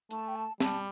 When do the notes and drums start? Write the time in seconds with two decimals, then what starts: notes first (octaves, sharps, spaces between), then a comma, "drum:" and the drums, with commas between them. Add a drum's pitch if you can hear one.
0.11 A3 A5, drum: hi-hat
0.28 G5
0.36 A5
0.60 G3 A5, drum: snare